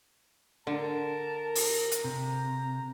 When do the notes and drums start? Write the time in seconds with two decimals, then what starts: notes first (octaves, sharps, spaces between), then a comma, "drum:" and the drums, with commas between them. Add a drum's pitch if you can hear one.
0.67 D3 A#4 A5
1.55 drum: open hi-hat
1.91 drum: hi-hat
2.04 C3 A#5